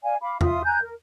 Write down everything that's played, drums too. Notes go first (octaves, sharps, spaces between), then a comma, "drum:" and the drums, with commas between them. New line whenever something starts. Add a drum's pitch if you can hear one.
D5 F5 G#5
F5 B5 D6
F4 E5 C6 D#6, drum: tom E2
G#5 A#5 F#6 G6
A#4